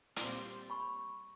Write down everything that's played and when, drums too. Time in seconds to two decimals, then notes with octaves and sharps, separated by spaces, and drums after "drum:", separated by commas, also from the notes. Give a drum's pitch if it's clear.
0.16 A#2 G3 C4 F4 C6 D6, drum: hi-hat
0.70 B5 C#6